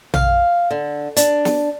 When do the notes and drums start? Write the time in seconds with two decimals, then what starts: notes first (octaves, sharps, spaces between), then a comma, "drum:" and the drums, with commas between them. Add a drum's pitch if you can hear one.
0.14 F5, drum: tom A#1
0.71 D3
1.16 D4, drum: hi-hat
1.45 drum: snare